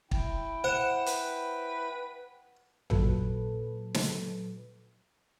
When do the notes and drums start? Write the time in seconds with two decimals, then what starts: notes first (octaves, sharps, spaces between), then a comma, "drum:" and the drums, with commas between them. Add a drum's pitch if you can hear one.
0.11 E4 G5, drum: kick
0.64 C5 F#5 E7
1.06 B4, drum: hi-hat
2.90 A#2 F#3 A4 B4, drum: tom A1
3.94 drum: snare